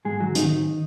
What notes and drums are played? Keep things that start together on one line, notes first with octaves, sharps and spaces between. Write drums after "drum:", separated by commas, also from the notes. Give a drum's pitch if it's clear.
G#2 G#3 G#4
D#3 F#3 F#4
G#2 D#3 D#4, drum: hi-hat
D#3